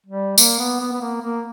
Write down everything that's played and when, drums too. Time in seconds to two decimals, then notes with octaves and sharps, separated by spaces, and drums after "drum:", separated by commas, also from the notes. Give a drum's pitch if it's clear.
0.06 G3
0.38 A#3, drum: tambourine
0.59 B3
0.80 B3
0.93 B3
1.01 A#3
1.22 A#3